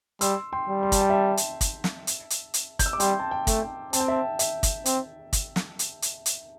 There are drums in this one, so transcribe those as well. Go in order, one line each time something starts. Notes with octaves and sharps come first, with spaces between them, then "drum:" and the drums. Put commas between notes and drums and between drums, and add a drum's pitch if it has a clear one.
G3 C6 E6, drum: hi-hat
G5 C6
G3
C6
A5, drum: kick, hi-hat
G5
E5 A5
drum: hi-hat
drum: kick, hi-hat
drum: snare
drum: hi-hat
drum: hi-hat
drum: hi-hat
G6, drum: kick, hi-hat
E6
D6
G3 G5 C6, drum: hi-hat
A5
G5
A3, drum: kick, hi-hat
G5
C4 A5, drum: hi-hat
G5
E5 A5
E5, drum: hi-hat
drum: kick, hi-hat
C4, drum: hi-hat
drum: kick, hi-hat
drum: snare
drum: hi-hat
drum: hi-hat
drum: hi-hat